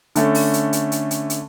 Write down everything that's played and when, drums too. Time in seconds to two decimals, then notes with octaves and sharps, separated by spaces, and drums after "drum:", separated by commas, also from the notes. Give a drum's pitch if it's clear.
0.16 D3 A3 C#4, drum: hi-hat
0.35 drum: open hi-hat
0.54 drum: hi-hat
0.73 drum: hi-hat
0.92 drum: hi-hat
1.11 drum: hi-hat
1.30 drum: hi-hat